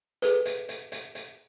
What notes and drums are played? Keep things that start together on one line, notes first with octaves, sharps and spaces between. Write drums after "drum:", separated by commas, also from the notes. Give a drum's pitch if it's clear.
G#4 A4 B4, drum: hi-hat
drum: hi-hat
drum: hi-hat
drum: hi-hat
drum: hi-hat